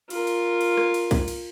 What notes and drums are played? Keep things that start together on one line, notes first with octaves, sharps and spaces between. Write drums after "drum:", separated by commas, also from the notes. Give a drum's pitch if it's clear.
F4 A#4, drum: cymbal
drum: cymbal
drum: cymbal
drum: rim click
drum: cymbal
drum: kick, cymbal
drum: cymbal